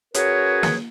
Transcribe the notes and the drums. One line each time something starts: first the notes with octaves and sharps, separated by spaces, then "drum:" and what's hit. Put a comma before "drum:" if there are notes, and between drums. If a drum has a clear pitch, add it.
C#4 F#4 G#4 A#4 B4 C#5, drum: hi-hat
drum: snare